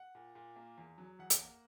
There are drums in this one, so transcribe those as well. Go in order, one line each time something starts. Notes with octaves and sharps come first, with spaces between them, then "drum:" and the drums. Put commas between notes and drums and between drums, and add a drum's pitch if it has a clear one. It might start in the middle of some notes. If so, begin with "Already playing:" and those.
Already playing: F#5
A#2
A#2
A#3
E2
F#3
E2 F#5
drum: hi-hat
A#3